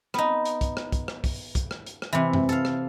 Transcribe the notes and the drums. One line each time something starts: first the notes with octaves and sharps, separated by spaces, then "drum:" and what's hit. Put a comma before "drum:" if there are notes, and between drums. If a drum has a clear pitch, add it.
B3 D#4, drum: rim click
drum: hi-hat
drum: kick, hi-hat
drum: rim click
drum: kick, hi-hat
drum: rim click
drum: kick, open hi-hat
drum: kick, hi-hat
drum: rim click
drum: hi-hat
drum: rim click
C3 E3
drum: tom F#2
A4 F5, drum: hi-hat
drum: rim click